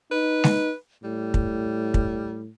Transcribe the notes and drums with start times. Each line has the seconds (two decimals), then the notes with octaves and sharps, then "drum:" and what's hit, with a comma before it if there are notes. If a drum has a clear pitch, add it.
0.12 D#4 B4
0.44 drum: snare G#3
1.04 A2 G3
1.34 drum: kick
1.94 drum: kick